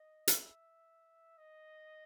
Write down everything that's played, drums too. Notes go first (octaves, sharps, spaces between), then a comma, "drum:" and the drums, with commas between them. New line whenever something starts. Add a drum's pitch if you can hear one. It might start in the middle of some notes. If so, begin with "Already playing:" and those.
Already playing: D#5
E5, drum: hi-hat
D#5